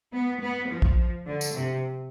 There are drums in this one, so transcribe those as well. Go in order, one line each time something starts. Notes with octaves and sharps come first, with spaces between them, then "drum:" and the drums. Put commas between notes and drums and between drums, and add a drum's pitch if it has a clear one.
B3
B3
F3
drum: kick
D3
drum: tambourine
C3